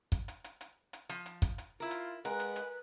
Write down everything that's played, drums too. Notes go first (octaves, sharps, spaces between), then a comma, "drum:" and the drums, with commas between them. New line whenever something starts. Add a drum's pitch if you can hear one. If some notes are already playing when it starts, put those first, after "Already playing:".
drum: kick, hi-hat
drum: hi-hat
drum: hi-hat
drum: hi-hat
drum: hi-hat
F3, drum: hi-hat
drum: hi-hat
drum: kick, hi-hat
drum: hi-hat
E4 F4 A#4
drum: hi-hat
G#3 A#4 B4 F#5, drum: hi-hat
drum: hi-hat
drum: hi-hat